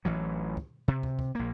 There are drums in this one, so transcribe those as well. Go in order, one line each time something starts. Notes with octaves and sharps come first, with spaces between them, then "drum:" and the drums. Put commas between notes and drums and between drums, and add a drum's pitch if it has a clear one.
A1 E3 F#3
drum: kick
C3
drum: kick
drum: kick
A#1 A#3